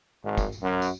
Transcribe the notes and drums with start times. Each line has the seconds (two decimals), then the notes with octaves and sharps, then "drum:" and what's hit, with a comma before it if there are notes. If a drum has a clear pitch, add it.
0.23 G#1
0.37 drum: kick, tambourine
0.52 drum: tambourine
0.62 F#2
0.82 drum: tambourine